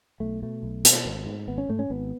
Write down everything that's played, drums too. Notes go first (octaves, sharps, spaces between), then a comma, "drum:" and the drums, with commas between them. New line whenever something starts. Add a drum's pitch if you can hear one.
B1 A3
B2 A3
B1
B2, drum: hi-hat
G#1
G#2
G#1 B3
C#4
G#2 A3
C#4
G#1 B3